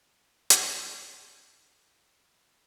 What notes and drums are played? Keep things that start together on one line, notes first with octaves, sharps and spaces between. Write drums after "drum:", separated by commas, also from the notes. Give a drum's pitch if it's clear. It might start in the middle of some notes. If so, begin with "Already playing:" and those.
Already playing: D4
drum: hi-hat
F#4
A3 G4
B3 A4
A4
C#4